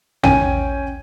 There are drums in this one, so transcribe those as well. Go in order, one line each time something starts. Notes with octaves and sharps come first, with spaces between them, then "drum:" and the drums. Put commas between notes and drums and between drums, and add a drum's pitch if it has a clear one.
C#4 G5 G#5 D#7, drum: tom